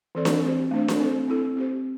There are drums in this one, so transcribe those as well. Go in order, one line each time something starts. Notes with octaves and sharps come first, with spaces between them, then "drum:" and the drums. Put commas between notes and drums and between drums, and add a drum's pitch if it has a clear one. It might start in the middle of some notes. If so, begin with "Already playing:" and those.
E3 C4 A4 D5
drum: snare D4
C4 G4 C5
A3 D4 C5
drum: snare D4
C4 A4 C5
C4 E4 A4
C4 G4 C5